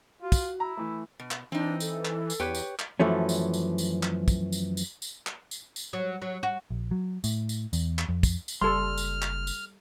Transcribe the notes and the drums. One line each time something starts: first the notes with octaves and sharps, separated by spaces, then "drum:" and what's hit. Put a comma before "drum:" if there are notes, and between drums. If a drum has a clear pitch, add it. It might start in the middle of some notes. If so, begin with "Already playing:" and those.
F4 F#4
drum: kick, tambourine
E4 A#5
E3 A3
B2
drum: clap
E3 C4 D4 D#4
A4, drum: tambourine
drum: clap
drum: tambourine
E2 G4 B4 C#5
drum: tambourine
drum: clap
F#2 E3 F3 A3 C#4
drum: tambourine
drum: tambourine
drum: tambourine
drum: clap
drum: kick, tambourine
drum: tambourine
drum: tambourine
drum: tambourine
drum: clap
drum: tambourine
drum: tambourine
F#3
F#3
F#4
A#1
F#3
A2, drum: tambourine
drum: tambourine
E2, drum: tambourine
drum: clap
F2
drum: kick, tambourine
drum: tambourine
F#1 G3 A4 C6 F6
drum: tambourine
drum: clap
drum: tambourine